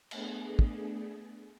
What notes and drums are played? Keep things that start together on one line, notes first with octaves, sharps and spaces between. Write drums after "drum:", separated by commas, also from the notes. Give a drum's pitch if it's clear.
A3 B3 D4 G#4, drum: cymbal
drum: kick